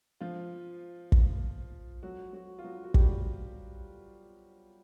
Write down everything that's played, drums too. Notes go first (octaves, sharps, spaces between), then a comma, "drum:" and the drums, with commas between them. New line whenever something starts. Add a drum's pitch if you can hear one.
F3 F4
drum: kick
F#3 F#4
F#3 F#4
F4
F#3 F#4
F#4
G3 G4, drum: kick